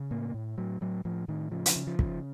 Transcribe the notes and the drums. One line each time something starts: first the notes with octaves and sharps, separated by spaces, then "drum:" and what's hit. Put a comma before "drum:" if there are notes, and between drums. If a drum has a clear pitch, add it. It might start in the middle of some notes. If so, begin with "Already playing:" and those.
Already playing: C#3
A2 A#3
A2
A2 F#3
A2 F#3
A2 F3
A2 D#3
C#3 F3
drum: hi-hat
C#3
F3
C#3, drum: kick